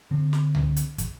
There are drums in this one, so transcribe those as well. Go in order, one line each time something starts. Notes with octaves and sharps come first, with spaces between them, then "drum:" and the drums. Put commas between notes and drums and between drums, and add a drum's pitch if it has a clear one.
D3 C4
drum: snare
drum: tom C#2
drum: hi-hat
drum: kick, hi-hat